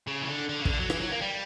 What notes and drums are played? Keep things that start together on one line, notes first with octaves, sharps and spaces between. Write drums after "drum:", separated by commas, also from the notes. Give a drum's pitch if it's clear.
C#3
E3
D3
D3
C#3
E3, drum: kick
D3
F#3
E3, drum: rim click
F#3
A#3
G3